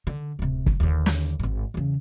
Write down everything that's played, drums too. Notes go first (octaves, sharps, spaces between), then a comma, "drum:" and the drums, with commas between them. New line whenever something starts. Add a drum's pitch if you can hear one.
D3
D1 C3
drum: kick
D#2 D3
drum: snare
G#1 G#2
E2 C#3